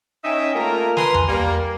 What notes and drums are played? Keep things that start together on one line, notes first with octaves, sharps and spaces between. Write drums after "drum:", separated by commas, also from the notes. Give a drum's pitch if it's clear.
C#4 D#4 D#5 E5 G5
A3 A#3 F4 A#4
B4 G#5 A#5 C6, drum: snare
drum: tom E2
G3 A#3